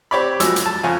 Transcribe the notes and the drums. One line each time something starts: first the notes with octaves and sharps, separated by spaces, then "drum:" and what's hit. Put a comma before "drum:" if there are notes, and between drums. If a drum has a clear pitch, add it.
C4 G4 C#5 D5 B5
F2 F#3 G#3 E6, drum: hi-hat
drum: hi-hat
A5
F2 C#3 G#5